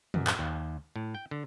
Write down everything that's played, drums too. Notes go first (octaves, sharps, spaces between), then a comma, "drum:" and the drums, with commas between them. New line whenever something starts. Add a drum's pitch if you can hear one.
F#2, drum: tom
drum: clap
D#2
A2
G5
D3